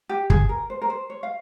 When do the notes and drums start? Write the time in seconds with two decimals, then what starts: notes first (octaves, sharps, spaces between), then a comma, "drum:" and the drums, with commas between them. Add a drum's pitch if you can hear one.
0.09 G4
0.30 G#4, drum: kick
0.49 A#4
0.70 C5
0.82 A#4
0.90 C5
1.10 C#5
1.23 F5